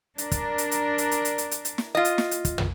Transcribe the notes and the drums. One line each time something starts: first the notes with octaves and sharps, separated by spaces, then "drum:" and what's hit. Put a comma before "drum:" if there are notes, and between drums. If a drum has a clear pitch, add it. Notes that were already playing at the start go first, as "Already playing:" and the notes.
D4 A#4, drum: hi-hat
drum: kick, hi-hat
drum: hi-hat
drum: hi-hat
drum: hi-hat
drum: hi-hat
drum: hi-hat
drum: hi-hat
drum: hi-hat
drum: hi-hat
drum: snare
F4 D#5
drum: hi-hat
drum: snare
drum: hi-hat
drum: kick, hi-hat
drum: tom